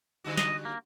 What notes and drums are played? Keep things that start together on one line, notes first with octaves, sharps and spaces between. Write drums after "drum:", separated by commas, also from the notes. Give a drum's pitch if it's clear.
D3 G3 F#4
D#5, drum: snare
A#3